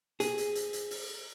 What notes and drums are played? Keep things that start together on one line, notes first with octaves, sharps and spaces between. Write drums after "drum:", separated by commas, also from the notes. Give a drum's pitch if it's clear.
G#4, drum: hi-hat
drum: hi-hat
drum: hi-hat
drum: hi-hat
drum: open hi-hat